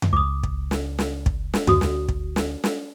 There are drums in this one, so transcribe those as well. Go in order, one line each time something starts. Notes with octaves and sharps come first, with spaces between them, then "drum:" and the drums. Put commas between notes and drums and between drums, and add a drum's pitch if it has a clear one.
drum: tom F2
C#2 D6 D#6
drum: kick
drum: snare
drum: snare
drum: kick
drum: snare
D2 F#4 D#6, drum: tom F2
drum: snare
drum: kick
drum: snare
drum: snare